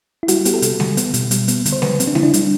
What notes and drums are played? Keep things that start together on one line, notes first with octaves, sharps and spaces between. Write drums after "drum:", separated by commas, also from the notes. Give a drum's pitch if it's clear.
E4
G3 F#4, drum: hi-hat
B3 G4, drum: hi-hat
A4
C3, drum: hi-hat
G3, drum: snare G#3
B3, drum: hi-hat
B2, drum: hi-hat
G3, drum: hi-hat
B3, drum: hi-hat
D3, drum: hi-hat
C5
F#3 B4, drum: snare G#3
C4, drum: hi-hat
D4
D3 E4, drum: snare G#3
D4
G3, drum: hi-hat